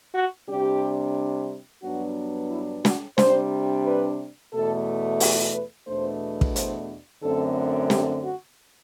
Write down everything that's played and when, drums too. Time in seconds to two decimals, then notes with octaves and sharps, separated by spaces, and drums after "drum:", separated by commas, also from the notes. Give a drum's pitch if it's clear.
0.15 F#4
0.48 C3 G3 D4 G4
1.83 G2 F#3 B3 D4 F#4
2.50 E4
2.85 F#4, drum: snare
3.18 C3 G3 D4 C5, drum: snare
3.85 B4
4.53 E2 B2 A3 A4
5.20 G4, drum: open hi-hat
5.54 B4
5.87 E2 B2 A3 D4 C5
6.41 drum: kick
6.56 C5, drum: hi-hat
7.23 F#2 D3 A3 C4 A4
7.90 G4, drum: snare
8.23 F#4